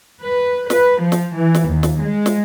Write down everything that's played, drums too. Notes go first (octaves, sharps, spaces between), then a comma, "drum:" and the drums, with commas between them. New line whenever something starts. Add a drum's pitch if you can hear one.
B4
B4, drum: snare
F3
drum: snare
E3
drum: snare
D#2
drum: snare
G#3
drum: snare